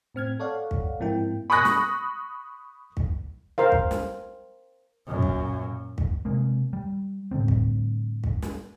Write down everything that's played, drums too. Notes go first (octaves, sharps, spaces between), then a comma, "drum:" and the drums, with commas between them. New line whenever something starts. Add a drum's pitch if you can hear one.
A2 C4 F6 G#6
A4 C#5 D5 F5 F#5
drum: kick
G#2 F3 A#3 C4 E4 G5
B5 C#6 D#6 F#6 A#6
drum: snare
drum: kick
A#4 C5 F5
drum: kick
drum: snare
F#2 A#2
drum: kick
drum: kick
C3 G#3 A#3 C4
G3
A2 D3 G3 C4
drum: kick
drum: kick
drum: snare